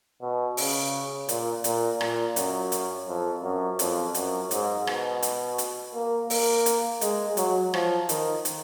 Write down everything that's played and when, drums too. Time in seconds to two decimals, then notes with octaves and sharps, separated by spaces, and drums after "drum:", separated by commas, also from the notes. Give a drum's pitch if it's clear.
0.21 B2
0.57 C#3, drum: open hi-hat
1.29 A#2, drum: hi-hat
1.64 A#2, drum: hi-hat
2.01 A#2, drum: rim click
2.36 F#2, drum: hi-hat
2.72 drum: hi-hat
3.07 F2
3.43 F#2
3.79 F2, drum: hi-hat
4.14 F#2, drum: hi-hat
4.51 G#2, drum: hi-hat
4.87 B2, drum: rim click
5.23 drum: hi-hat
5.58 drum: hi-hat
5.94 A#3
6.30 A#3, drum: open hi-hat
6.66 drum: hi-hat
7.01 G#3, drum: hi-hat
7.37 F#3, drum: hi-hat
7.74 F3, drum: rim click
8.09 D#3, drum: hi-hat
8.45 drum: hi-hat